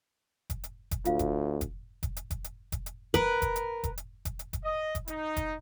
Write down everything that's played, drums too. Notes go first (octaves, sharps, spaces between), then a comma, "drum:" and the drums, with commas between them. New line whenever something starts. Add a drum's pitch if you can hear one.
drum: kick F1, hi-hat
drum: hi-hat
drum: kick F1, hi-hat
D2 F4 F5, drum: hi-hat
drum: kick F1, hi-hat
drum: kick F1, hi-hat
drum: kick F1, hi-hat
drum: hi-hat
drum: kick F1, hi-hat
drum: hi-hat
drum: kick F1, hi-hat
drum: hi-hat
A#4 B4, drum: kick F1, hi-hat
drum: kick F1, hi-hat
drum: hi-hat
drum: kick F1, hi-hat
drum: hi-hat
drum: kick F1, hi-hat
drum: hi-hat
drum: kick F1, hi-hat
D#5
drum: kick F1, hi-hat
D#4, drum: hi-hat
drum: kick F1, hi-hat